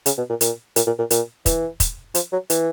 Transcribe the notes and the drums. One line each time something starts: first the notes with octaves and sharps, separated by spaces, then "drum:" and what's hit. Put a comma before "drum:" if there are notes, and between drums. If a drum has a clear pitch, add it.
C#3, drum: hi-hat
B2
A#2
A#2, drum: hi-hat
A#2, drum: hi-hat
A#2
A#2
A#2, drum: hi-hat
E3, drum: kick, hi-hat
drum: kick, hi-hat
F3, drum: hi-hat
F#3
E3, drum: hi-hat